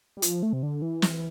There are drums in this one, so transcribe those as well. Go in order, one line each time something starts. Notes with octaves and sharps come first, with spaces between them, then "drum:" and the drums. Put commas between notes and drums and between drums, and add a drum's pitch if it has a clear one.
G3
F3, drum: hi-hat
A3
C3
D3
E3
drum: snare